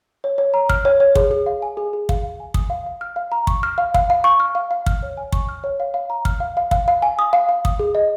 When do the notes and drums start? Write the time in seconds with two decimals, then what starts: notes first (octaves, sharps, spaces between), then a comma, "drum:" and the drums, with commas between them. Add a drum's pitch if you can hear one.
0.24 C#5
0.38 C#5
0.54 A#5
0.69 F6, drum: kick
0.85 C#5
1.00 C#5
1.15 G#4, drum: kick
1.31 G#4
1.46 F5
1.62 G#5
1.77 G#4
1.93 G#4
2.09 F5, drum: kick
2.24 F5
2.40 G#5
2.54 D#6, drum: kick
2.70 F5
2.86 F5
3.01 F6
3.16 F5
3.32 A#5
3.47 C#6, drum: kick
3.63 F6
3.78 F5
3.94 F5, drum: kick
4.10 F5
4.24 C#6
4.40 F6
4.55 F5
4.71 F5
4.86 F6, drum: kick
5.03 C#5
5.17 G#5
5.32 C#6, drum: kick
5.49 F6
5.64 C#5
5.80 F5
5.94 F5
6.10 A#5
6.25 F6, drum: kick
6.40 F5
6.57 F5
6.71 F5, drum: kick
6.88 F5
7.02 G#5
7.19 D#6
7.33 F5
7.49 F5
7.65 D#6, drum: kick
7.79 G#4
7.95 D#5